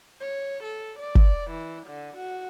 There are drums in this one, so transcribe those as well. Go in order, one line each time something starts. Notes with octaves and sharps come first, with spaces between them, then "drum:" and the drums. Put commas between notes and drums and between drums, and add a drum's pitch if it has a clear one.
C#5
A4
D5
drum: kick
E3
D3
F#4